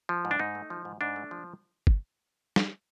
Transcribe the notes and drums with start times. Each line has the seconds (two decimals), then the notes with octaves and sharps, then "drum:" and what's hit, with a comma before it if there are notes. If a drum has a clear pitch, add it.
0.09 F3
0.25 G#2
0.31 D4
0.39 G#2 D#4
0.55 A3
0.70 F3
0.85 G#2
1.01 G#2 D4
1.16 A3
1.31 F3
1.87 drum: kick
2.56 drum: snare